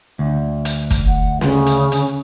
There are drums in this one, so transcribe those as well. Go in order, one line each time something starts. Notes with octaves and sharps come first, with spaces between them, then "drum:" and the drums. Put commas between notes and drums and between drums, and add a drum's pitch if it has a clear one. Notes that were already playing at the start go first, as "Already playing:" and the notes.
D2
drum: hi-hat
drum: kick, hi-hat
F#5
C#3, drum: snare
drum: hi-hat
drum: hi-hat